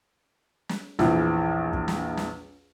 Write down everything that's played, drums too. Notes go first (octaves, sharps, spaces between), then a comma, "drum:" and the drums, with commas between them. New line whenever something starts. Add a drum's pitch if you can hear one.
drum: snare
A#1 E2, drum: snare
drum: kick
drum: snare
drum: snare